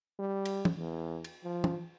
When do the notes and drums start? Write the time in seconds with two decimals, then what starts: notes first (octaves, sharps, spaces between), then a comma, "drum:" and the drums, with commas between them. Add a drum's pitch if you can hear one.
0.19 G3
0.45 drum: cymbal
0.65 drum: tom
0.78 E2
1.24 drum: cymbal
1.44 F3
1.64 drum: tom